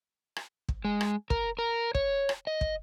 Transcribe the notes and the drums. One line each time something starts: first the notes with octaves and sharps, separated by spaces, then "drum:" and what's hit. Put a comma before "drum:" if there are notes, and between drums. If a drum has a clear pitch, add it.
drum: rim click
drum: kick
G#3
drum: rim click
A#4, drum: kick
A#4
C#5, drum: kick
drum: rim click
D#5
drum: kick